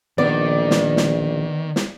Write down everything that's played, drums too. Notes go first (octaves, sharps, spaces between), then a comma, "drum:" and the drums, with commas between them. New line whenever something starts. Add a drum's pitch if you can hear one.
A#1 D#3 B3 A#4 B4 D5
drum: snare
drum: snare
drum: snare